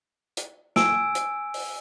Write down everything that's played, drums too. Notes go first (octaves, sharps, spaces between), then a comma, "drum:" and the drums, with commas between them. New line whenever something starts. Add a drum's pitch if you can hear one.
drum: hi-hat
G#5 E6 D7, drum: snare
drum: hi-hat
drum: open hi-hat